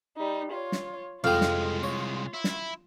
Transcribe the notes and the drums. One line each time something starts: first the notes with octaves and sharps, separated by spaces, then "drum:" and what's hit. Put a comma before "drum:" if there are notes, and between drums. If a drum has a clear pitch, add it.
G3 D#4
F4 C#5
drum: snare
C2 F2 G#3 F4 F5 G5
drum: snare
C#5
E4
drum: snare